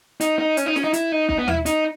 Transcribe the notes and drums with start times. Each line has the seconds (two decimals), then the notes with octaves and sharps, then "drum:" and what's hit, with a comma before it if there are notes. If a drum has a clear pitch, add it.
0.21 D#4, drum: hi-hat
0.39 D#4
0.57 C#4, drum: hi-hat
0.66 D#4
0.76 C#4, drum: snare
0.84 D#4
0.93 E4, drum: hi-hat
1.12 D#4
1.29 D#4, drum: kick B1
1.39 B3
1.48 E4, drum: tom D#2
1.66 D#4, drum: hi-hat